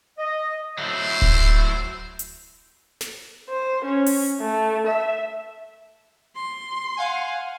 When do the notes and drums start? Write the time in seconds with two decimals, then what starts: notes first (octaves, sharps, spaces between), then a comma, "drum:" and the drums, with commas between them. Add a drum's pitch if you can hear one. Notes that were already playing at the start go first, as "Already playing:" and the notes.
0.18 D#5
0.78 F#3 A3 E4 C5
1.22 drum: kick D1
2.19 drum: hi-hat
3.01 drum: snare
3.49 C5
3.84 C#4
4.06 drum: open hi-hat
4.40 A3
4.86 E5
6.35 C6
6.97 F5 F#5 G#5